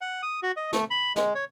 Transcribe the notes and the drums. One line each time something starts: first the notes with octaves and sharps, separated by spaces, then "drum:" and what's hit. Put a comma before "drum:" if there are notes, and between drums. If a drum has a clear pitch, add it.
F#5
D#6
F#4
D#5
A3, drum: snare
B5
G#3, drum: snare
C#5